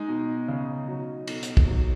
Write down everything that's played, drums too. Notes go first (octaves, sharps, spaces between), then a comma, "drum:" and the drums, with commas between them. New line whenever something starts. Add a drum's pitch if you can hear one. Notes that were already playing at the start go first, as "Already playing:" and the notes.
Already playing: G#3 D#4
B2
C#3
F#3
B2, drum: cymbal
drum: hi-hat
drum: kick
F#3